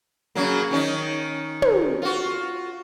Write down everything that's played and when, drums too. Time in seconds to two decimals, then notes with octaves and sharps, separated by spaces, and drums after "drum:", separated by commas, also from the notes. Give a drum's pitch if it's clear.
0.35 C#3 F#3 A#3
0.71 D#3 C#4 D#4
1.62 drum: tom
2.02 F4 F#4